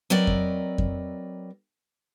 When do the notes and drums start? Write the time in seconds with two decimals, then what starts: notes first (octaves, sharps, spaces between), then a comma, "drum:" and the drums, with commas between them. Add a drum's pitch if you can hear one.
0.10 F#3 C4 A#4 B4 D5 D#5
0.27 drum: kick F2
0.78 drum: kick F2